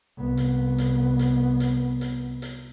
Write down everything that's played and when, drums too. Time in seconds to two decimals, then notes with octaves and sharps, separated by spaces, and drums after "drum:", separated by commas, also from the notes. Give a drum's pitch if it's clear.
0.17 C2 B3
0.37 drum: hi-hat
0.78 drum: hi-hat
1.19 drum: hi-hat
1.60 drum: hi-hat
2.01 drum: hi-hat
2.42 drum: hi-hat